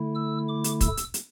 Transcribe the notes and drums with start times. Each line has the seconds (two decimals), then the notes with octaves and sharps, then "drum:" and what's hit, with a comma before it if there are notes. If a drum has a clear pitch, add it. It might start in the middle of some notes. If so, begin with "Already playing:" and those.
Already playing: D3 A3 E4
0.14 E6
0.48 D6
0.64 drum: hi-hat
0.81 E6, drum: kick, hi-hat
0.97 drum: hi-hat
1.14 drum: hi-hat